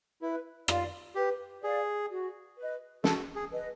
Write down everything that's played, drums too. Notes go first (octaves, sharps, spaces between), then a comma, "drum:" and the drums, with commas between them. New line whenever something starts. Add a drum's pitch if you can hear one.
E4 B4
F4 D5 F5, drum: rim click
G4 B4
G#4 D5 F5
F#4
B4 D#5
F#4 A4, drum: snare
G#4
B4 D#5